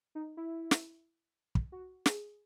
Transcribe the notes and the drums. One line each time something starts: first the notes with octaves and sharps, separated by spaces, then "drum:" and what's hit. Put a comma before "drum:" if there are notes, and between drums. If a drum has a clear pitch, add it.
D#4
E4
drum: snare
drum: kick
F#4
G#4, drum: snare